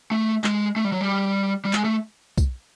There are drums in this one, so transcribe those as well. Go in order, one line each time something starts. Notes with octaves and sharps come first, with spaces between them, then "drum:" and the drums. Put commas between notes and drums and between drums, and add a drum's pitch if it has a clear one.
A3
G#3, drum: clap
A3
G3
F#3
G3
G3
G#3, drum: clap
A3
drum: kick, tambourine